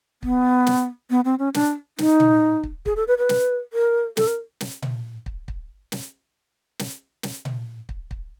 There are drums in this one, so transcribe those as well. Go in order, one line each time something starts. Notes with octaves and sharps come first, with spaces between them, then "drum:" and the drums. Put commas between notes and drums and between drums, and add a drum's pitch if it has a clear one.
B3, drum: kick
drum: snare
B3
C4
C#4
D4, drum: snare
D#4, drum: snare
drum: tom A#2
drum: kick
G#4, drum: kick
A4
B4
B4
drum: snare
A#4
A4, drum: snare
A#4
drum: snare
drum: tom A#2
drum: kick
drum: kick
drum: snare
drum: snare
drum: snare
drum: tom A#2
drum: kick
drum: kick